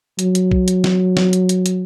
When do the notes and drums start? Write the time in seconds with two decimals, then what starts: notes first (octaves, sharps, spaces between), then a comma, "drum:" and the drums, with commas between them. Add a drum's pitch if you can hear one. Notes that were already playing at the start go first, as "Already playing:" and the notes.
0.19 F#3, drum: hi-hat
0.35 drum: hi-hat
0.51 drum: kick A#1
0.68 drum: hi-hat
0.84 drum: snare
1.17 drum: snare
1.33 drum: hi-hat
1.49 drum: hi-hat
1.66 drum: hi-hat